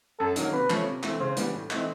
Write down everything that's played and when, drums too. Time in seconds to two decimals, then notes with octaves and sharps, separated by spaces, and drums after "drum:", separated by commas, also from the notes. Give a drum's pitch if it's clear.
0.19 F#2 A4
0.36 D#3 F#3 A#3, drum: hi-hat
0.53 C3 B4
0.70 F3 A3 C#4, drum: clap
0.87 C3
1.03 E3 A3 C4, drum: clap
1.20 C#3 C5
1.37 E3 G3 B3, drum: hi-hat
1.53 A2
1.71 E3 A3 C4 D#4, drum: clap